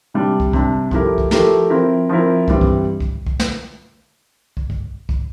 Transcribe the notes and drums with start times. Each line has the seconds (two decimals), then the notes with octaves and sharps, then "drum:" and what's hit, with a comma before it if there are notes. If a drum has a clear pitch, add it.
0.14 C3 G3 D4
0.40 drum: kick
0.53 C3 G3 D4, drum: kick
0.91 F3 A3 E4 G4 A#4, drum: kick
1.18 drum: kick
1.31 F3 A3 E4 G4 A#4, drum: snare
1.70 F3 C4 E4 A#4
2.09 F3 C4 E4 A#4
2.48 G2 E3 G3 C4, drum: kick
2.61 drum: kick
3.00 drum: kick
3.27 drum: kick
3.40 drum: snare
4.57 drum: kick
4.70 drum: kick
5.09 drum: kick